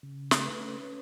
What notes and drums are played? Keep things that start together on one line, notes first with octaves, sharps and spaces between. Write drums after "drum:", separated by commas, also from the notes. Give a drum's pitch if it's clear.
C#3
A3, drum: snare
B4
C#4